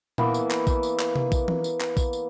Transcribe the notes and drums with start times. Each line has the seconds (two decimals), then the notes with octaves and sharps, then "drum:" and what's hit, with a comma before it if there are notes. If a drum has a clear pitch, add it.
0.18 E3 A#3 B3, drum: tom A#2
0.34 drum: tambourine
0.51 drum: clap
0.67 drum: kick A#1, tambourine
0.83 drum: tambourine
0.99 drum: clap
1.16 drum: tom C3
1.32 drum: kick A#1, tambourine
1.48 drum: tom E3
1.64 drum: tambourine
1.80 drum: clap
1.97 drum: kick A#1, tambourine
2.13 drum: tambourine